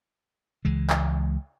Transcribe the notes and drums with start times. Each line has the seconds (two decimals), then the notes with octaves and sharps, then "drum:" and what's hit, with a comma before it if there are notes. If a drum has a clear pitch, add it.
0.65 C#2 E3 G#3
0.90 drum: clap